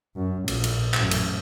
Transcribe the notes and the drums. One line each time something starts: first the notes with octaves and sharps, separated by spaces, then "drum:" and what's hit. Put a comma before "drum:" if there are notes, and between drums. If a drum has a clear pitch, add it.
F#2
A#1 A#2, drum: cymbal
drum: cymbal
A1 F#2, drum: clap
drum: cymbal